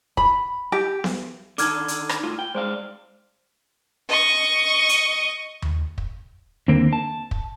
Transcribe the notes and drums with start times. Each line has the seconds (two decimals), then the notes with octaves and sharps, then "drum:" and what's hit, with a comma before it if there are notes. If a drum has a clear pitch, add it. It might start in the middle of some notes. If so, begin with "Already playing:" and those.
0.17 B5, drum: kick
0.72 G4
1.04 drum: snare B3
1.58 D3 D#3 A4 D6 F6 G#6, drum: hi-hat
1.88 drum: hi-hat
2.09 drum: rim click
2.23 A2 F4
2.39 G5
2.55 G#3 C5 D5 F5
4.09 D#5 C#6
4.89 drum: hi-hat
5.62 drum: tom D#2
5.98 drum: kick
6.68 D#2 D3 A#3 C4
6.93 A5
7.31 drum: kick